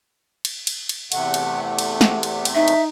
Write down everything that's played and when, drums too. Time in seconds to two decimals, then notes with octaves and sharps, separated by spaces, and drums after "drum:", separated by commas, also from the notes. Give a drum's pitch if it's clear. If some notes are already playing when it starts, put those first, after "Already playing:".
0.45 drum: cymbal
0.67 drum: cymbal
0.89 drum: cymbal
1.12 E2 C3 A3 F#5, drum: cymbal
1.34 drum: cymbal
1.64 F#5
1.79 drum: cymbal
2.01 drum: snare
2.23 drum: cymbal
2.45 drum: cymbal
2.55 D#4 E5
2.68 drum: cymbal